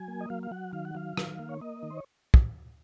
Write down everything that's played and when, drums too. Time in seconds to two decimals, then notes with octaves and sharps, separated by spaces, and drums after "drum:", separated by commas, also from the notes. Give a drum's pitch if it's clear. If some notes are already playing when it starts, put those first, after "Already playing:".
Already playing: F#3 G#5
0.08 A#3
0.21 D#5
0.30 F#3 F5
0.43 F5
0.51 F#3 F#5
0.73 D#3 F5
0.85 F#5
0.95 F#3 F5
1.17 D#3, drum: rim click
1.39 A#3
1.49 C#5
1.61 A#3 D#5
1.83 D#3
1.90 C5
1.97 C#5
2.34 drum: kick